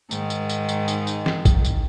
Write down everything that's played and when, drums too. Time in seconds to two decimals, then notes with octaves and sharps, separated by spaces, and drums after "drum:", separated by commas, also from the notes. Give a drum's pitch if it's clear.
0.11 G#2 D#3, drum: tambourine
0.30 drum: tambourine
0.49 drum: tambourine
0.69 drum: tambourine
0.88 drum: tambourine
1.07 drum: tambourine
1.26 drum: snare
1.45 drum: kick A1, tambourine
1.64 drum: tambourine